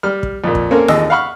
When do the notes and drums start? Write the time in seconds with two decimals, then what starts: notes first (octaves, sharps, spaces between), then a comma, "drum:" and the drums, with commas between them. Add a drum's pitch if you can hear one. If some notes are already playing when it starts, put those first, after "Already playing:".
0.03 G3 F6
0.23 drum: kick
0.44 F2 A#2
0.55 drum: kick
0.71 A#3 C4 C#4 A4 A#4
0.88 A1 D#2 G#4 D#5 E6, drum: snare F4
1.10 F5 F#5 B5 C#6 F6